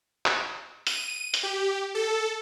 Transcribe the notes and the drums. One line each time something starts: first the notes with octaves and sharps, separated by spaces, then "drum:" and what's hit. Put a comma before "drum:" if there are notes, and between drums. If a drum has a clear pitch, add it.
drum: clap
D#7, drum: hi-hat
drum: hi-hat
G4
A4